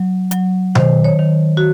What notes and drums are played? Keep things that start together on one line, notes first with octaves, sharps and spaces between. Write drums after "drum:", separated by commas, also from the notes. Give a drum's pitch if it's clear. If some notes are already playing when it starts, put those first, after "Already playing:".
Already playing: F#3
F#3, drum: hi-hat
D#3 C5, drum: tom B2
C#5
D#3
F#4